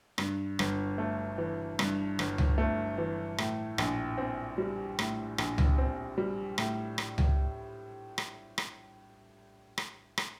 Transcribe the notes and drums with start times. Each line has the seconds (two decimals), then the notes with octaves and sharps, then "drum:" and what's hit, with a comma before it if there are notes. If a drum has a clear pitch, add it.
0.18 G2, drum: rim click
0.59 G1, drum: rim click
0.98 A3
1.38 E3
1.79 G2, drum: rim click
2.19 G1, drum: rim click
2.38 drum: tom C#2
2.58 A3
2.98 E3
3.38 A2, drum: rim click
3.78 A#1, drum: rim click
4.18 C4
4.58 G3
4.99 A2, drum: rim click
5.38 A#1, drum: rim click
5.58 drum: tom C#2
5.78 C4
6.18 G3
6.58 A2, drum: rim click
6.98 drum: rim click
7.18 drum: tom C#2
8.18 drum: rim click
8.58 drum: rim click
9.78 drum: rim click
10.18 drum: rim click